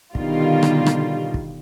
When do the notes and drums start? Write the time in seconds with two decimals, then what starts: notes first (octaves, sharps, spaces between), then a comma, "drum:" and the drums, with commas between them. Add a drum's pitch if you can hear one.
0.15 B2 D3 D#3 G3 F4, drum: kick
0.63 drum: rim click
0.86 drum: rim click
1.34 drum: kick